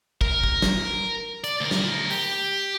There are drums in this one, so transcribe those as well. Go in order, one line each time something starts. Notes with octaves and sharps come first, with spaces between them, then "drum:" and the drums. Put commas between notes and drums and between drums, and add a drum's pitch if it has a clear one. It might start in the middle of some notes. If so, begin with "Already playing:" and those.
A#4, drum: kick
drum: kick
drum: snare
D5, drum: hi-hat
D2 A#4
drum: snare
G4, drum: open hi-hat